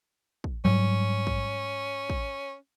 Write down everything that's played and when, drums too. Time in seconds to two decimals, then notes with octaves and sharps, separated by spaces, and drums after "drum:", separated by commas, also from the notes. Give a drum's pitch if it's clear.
0.44 drum: kick
0.65 G#2 F#3 G3 C#4
1.27 drum: kick
2.10 drum: kick